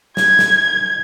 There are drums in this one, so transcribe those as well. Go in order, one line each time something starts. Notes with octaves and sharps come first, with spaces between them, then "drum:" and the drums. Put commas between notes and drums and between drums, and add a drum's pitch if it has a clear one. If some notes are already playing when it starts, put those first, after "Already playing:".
G#6, drum: snare
drum: snare